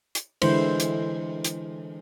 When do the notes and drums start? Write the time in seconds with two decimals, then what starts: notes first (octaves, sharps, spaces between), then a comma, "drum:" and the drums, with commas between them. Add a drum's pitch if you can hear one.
0.15 drum: hi-hat
0.42 D3 E3 G#3 E4 C5, drum: cymbal
0.80 drum: hi-hat
1.45 drum: hi-hat